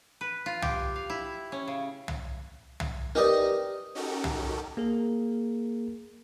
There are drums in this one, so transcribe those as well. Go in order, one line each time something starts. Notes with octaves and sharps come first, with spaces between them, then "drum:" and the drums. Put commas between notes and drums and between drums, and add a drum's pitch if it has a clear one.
B4
F4
G4, drum: tom
F5
E4
C#4
C#3
drum: tom
drum: tom
D#4 G4 A#4 B4 D5 D#5
C#4 D#4 F#4 G4 A4 A#4
drum: tom
A#3 G#4 A#4